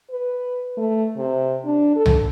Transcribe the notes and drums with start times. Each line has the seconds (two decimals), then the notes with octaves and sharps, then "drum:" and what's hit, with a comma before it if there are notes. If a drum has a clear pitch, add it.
0.11 B4
0.77 A3
1.17 C3
1.65 D4
1.96 A4
2.06 drum: tom C2